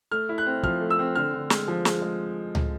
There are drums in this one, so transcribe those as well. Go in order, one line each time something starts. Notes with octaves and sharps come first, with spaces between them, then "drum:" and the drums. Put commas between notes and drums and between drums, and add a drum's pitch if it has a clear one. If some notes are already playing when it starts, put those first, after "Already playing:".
A3 F6
E4
F#6
C4
F3 F6, drum: kick
A3
E6
C4
D3 F6
D3
G#3, drum: snare
F3
G#3, drum: snare
G#3
drum: tom C#2